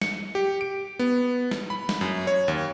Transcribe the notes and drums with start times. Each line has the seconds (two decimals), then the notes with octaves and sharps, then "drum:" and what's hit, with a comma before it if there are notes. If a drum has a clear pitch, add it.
0.02 C#7, drum: snare
0.35 G4
0.61 D7
0.99 B3
1.51 drum: snare
1.70 B5
1.89 drum: snare
2.01 F#2
2.27 C#5
2.48 D#2